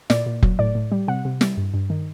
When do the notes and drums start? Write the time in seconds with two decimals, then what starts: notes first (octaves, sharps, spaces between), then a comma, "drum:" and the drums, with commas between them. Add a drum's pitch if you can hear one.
0.10 A#2 D5, drum: snare
0.26 A#2
0.43 F#3, drum: kick F1
0.59 A2 D5
0.75 A2
0.92 G3
1.08 C3 F#5
1.25 C3
1.41 G3, drum: snare
1.57 G2
1.74 G2
1.90 D#3